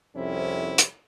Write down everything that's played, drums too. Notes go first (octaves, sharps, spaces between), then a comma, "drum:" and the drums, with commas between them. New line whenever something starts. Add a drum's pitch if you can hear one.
C2 F2 C3 C#4 E4
drum: hi-hat